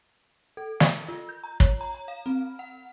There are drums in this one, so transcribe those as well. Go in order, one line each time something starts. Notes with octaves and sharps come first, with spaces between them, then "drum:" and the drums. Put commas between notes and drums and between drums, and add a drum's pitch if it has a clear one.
A4
A#4, drum: snare
F4
G6
A#5
C#5, drum: kick
A#5
A#5
F5
C4
F#5